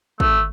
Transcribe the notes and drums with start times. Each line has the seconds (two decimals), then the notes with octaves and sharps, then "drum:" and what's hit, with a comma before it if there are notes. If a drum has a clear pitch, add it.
0.20 A3, drum: kick